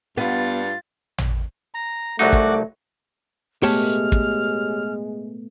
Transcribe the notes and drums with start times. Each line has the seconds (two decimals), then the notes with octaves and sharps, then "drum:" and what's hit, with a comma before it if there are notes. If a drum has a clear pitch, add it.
0.17 G2 B3 F4 A6
1.18 drum: tom A1
1.74 A#5
2.19 C2 F#3 A3 D#4 F#4 F#5 D6
2.33 drum: kick
3.63 G#3 A3 B3 G4 C#5 A5 F6, drum: open hi-hat
4.12 drum: kick